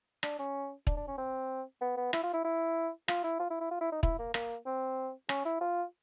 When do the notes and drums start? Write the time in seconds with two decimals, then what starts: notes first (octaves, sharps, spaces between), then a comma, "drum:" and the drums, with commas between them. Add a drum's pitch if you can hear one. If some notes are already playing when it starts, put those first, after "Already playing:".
0.23 D4, drum: rim click
0.39 C#4
0.87 D4, drum: kick
0.97 D4
1.08 C#4
1.18 C4
1.81 B3
1.97 B3
2.13 E4, drum: rim click
2.23 F4
2.34 E4
2.45 E4
3.08 F4, drum: rim click
3.24 E4
3.40 F4
3.50 E4
3.61 E4
3.71 F4
3.81 E4
3.92 D#4
4.03 E4, drum: kick
4.19 A#3
4.34 A#3, drum: rim click
4.66 C4
5.29 C#4, drum: rim click
5.45 E4
5.61 F4